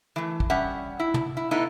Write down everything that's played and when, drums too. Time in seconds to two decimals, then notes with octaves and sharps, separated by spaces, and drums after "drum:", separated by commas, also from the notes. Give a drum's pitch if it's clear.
0.16 E3 A3
0.40 drum: kick
0.50 G3 C#4 E5 F#5
1.00 E4
1.14 drum: tom
1.37 E4
1.51 A3 B3 D#4 E4